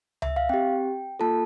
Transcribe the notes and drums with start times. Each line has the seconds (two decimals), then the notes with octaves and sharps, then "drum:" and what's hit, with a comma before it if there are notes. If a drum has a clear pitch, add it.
0.22 E5, drum: tom C#2
0.36 F5
0.49 C4 G4 G5
1.20 A#3 F4 A4 A5